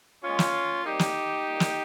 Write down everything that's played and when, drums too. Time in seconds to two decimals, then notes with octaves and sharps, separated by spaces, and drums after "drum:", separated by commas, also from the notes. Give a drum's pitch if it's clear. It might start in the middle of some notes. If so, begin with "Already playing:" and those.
0.23 A#2 G#3 C#4 F4
0.39 drum: snare
0.84 C3 G3 A#3 D#4 G4
0.99 drum: snare
1.44 A#2 G3 A#3
1.60 drum: snare